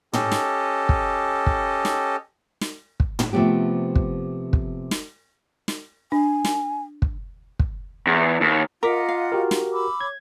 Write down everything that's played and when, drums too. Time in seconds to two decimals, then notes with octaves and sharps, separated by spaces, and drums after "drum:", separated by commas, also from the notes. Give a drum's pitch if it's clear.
0.13 C#4 G4 A4 D#5, drum: tom
0.32 drum: snare
0.89 drum: kick
1.46 drum: kick
1.85 drum: snare
2.61 drum: snare
3.00 drum: kick
3.19 drum: tom
3.33 C3 F3 A3 B3 G4
3.95 drum: kick
4.53 drum: kick
4.91 drum: snare
5.68 drum: snare
6.12 D4 G#5
6.45 drum: snare
7.02 drum: kick
7.59 drum: kick
8.07 E2
8.41 D#2
8.83 F4 A#4 D#5 F#5 A#5 D6 B6
9.08 F5
9.32 F#4 G4 A#4
9.51 drum: snare
9.73 B5 D6 E6
10.01 C#5 G#6